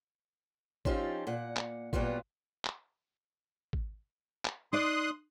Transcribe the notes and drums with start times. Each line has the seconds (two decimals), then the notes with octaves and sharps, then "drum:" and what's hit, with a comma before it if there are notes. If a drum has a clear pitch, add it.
0.85 F3 C4 C#4 D#4 F4 G4, drum: kick G#1
1.27 A#2 F#5
1.57 drum: clap
1.93 A#2 F#3 G3 B3 F4, drum: kick G#1
2.65 drum: clap
3.73 drum: kick G#1
4.45 drum: clap
4.73 D#4 D5 C6 D#6 F#6